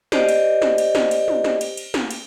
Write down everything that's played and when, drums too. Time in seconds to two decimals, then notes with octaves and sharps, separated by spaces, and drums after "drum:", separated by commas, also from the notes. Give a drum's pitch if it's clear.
0.12 G4 C5 D5 D#5, drum: snare
0.29 drum: cymbal
0.62 drum: snare
0.78 drum: cymbal
0.95 drum: snare
1.11 drum: cymbal
1.28 drum: tom
1.44 drum: snare
1.61 drum: cymbal
1.77 drum: cymbal
1.94 drum: snare
2.11 drum: cymbal